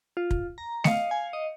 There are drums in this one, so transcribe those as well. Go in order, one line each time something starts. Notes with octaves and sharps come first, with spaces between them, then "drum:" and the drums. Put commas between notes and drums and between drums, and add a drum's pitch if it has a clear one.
F4
drum: kick
A#5
D#5 F5 C#7, drum: snare
G#5
D#5